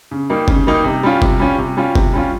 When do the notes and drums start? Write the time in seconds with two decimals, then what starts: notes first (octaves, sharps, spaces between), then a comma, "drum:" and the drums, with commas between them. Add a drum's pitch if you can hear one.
0.11 C#3
0.30 G3 A#3 D#4
0.48 C#3, drum: kick F#1
0.67 G3 A#3 D#4
0.84 C3
1.03 G3 C#4 F4
1.22 C3, drum: kick F#1
1.39 G3 C#4 F4
1.58 C3
1.77 G3 C#4 F4
1.95 C3, drum: kick F#1
2.13 G3 C#4 F4